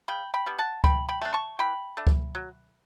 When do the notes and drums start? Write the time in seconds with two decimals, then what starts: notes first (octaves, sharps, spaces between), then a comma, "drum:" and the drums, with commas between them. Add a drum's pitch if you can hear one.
0.08 C#3 G5 B5
0.34 G5 B5
0.46 G3 B3 D4
0.58 F#5 A5
0.84 E3 G5 B5, drum: kick C#2
1.09 G5 B5
1.22 A3 D4
1.34 A5 C#6
1.59 E3 G5 B5
1.97 A3 D4
2.07 drum: kick C#2
2.35 F#3